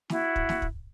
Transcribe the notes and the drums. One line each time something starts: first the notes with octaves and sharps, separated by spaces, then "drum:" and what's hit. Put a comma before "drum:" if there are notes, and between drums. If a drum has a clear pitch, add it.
E4 F#4, drum: snare
drum: kick
drum: snare
drum: kick